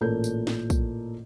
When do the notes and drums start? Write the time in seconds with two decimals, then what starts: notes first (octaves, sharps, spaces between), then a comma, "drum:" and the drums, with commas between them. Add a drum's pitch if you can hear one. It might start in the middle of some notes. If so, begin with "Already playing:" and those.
0.01 A1 A#2 A4 A#4 G6
0.24 drum: tambourine
0.47 drum: snare
0.70 drum: kick, tambourine